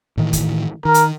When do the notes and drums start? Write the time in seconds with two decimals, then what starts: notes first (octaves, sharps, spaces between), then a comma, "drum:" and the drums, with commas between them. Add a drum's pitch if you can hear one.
0.17 A2 D#3 E3
0.33 drum: kick, hi-hat
0.85 D#3 A#4
0.94 drum: hi-hat